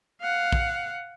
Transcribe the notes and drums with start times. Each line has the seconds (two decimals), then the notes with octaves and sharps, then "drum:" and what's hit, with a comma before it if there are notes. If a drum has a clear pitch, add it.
0.21 F5 F#5
0.52 drum: kick A#1